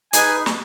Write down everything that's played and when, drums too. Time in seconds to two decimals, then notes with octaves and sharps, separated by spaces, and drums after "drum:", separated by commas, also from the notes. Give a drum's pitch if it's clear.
0.13 D#4 G#4 B4 G#5, drum: hi-hat
0.46 drum: snare